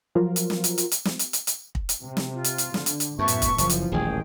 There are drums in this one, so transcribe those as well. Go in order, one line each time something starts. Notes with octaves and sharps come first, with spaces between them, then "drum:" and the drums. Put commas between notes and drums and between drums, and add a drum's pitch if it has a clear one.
F3 F#3 F4 A#4
drum: hi-hat
drum: snare
drum: hi-hat
drum: hi-hat
drum: hi-hat
drum: snare
drum: hi-hat
drum: hi-hat
drum: hi-hat
drum: kick
drum: hi-hat
C3
drum: snare
F4
drum: hi-hat
drum: hi-hat
D3, drum: snare
drum: hi-hat
drum: hi-hat
F#2 A2 B3 E5 A5 C#6
drum: hi-hat
drum: kick, hi-hat
F#1 E3 F3, drum: hi-hat
drum: hi-hat
D#1 A1 D#3 G#4 G5